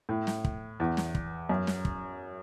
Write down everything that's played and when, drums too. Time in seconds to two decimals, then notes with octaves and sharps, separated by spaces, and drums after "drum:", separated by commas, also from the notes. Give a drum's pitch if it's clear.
0.09 A2
0.27 drum: snare
0.44 drum: kick
0.80 E2
0.97 drum: snare
1.15 drum: kick
1.49 F#2
1.67 drum: snare
1.85 drum: kick